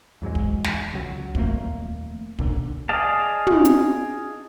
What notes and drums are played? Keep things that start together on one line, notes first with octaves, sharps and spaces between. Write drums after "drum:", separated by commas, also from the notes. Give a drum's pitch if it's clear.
E2 G#2 F#3 G#3
drum: kick
drum: snare
C#2 F#3
D#1 F2 A3 A#3, drum: kick
B1 A#2 D3, drum: kick
G#4 D5 D#5 F5 A5
drum: tom
drum: hi-hat